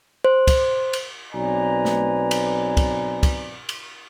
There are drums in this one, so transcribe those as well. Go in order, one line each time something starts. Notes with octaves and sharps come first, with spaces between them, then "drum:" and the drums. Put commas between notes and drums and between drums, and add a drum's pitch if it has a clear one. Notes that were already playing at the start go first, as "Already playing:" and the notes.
C5
drum: kick, cymbal
drum: cymbal
B1 C4 B4 D5 G#5 A#5
drum: snare
drum: cymbal
drum: kick, cymbal
drum: kick, cymbal
drum: cymbal